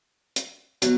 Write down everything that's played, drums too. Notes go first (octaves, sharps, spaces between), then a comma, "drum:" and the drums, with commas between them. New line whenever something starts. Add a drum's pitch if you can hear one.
drum: hi-hat
B2 F#3, drum: hi-hat